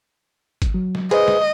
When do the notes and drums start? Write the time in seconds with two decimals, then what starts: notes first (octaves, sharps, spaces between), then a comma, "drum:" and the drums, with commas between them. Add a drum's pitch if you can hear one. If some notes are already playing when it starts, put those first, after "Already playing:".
0.62 drum: kick G#1, hi-hat
0.74 F#3
0.95 drum: snare
1.11 G#4 B4 C5 D#5, drum: hi-hat
1.28 drum: snare